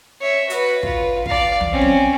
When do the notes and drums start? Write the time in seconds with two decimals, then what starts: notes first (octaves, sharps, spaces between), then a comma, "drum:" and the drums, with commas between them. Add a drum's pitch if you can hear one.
0.21 C#5 E5
0.50 F#4 B4, drum: hi-hat
0.83 F4 B4, drum: kick
1.26 D5 F5, drum: kick
1.61 drum: tom
1.72 C4 C#4
1.81 drum: tom F#3